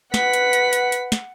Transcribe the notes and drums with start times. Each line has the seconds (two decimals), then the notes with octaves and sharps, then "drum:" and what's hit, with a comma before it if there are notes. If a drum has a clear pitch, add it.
0.14 B4 F#5 B6, drum: snare
0.33 drum: hi-hat
0.53 drum: hi-hat
0.73 drum: hi-hat
0.92 drum: hi-hat
1.12 drum: snare